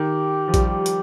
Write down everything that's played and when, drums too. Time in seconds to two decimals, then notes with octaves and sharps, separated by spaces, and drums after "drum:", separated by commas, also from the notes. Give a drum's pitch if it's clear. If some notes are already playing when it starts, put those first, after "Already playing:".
Already playing: D#3 G4
0.48 F3
0.54 G3, drum: kick A#1, hi-hat
0.86 drum: hi-hat